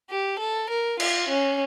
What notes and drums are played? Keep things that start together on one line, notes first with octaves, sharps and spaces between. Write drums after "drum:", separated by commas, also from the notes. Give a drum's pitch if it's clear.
G4
A4
A#4
F4, drum: cymbal
C#4